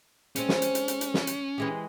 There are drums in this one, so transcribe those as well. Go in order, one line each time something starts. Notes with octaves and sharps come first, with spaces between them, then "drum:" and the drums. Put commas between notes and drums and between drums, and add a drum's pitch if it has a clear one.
G#3 C4 C#4, drum: hi-hat
drum: snare
drum: hi-hat
drum: hi-hat
drum: hi-hat
drum: hi-hat
drum: snare
drum: hi-hat
E3 G#3 G4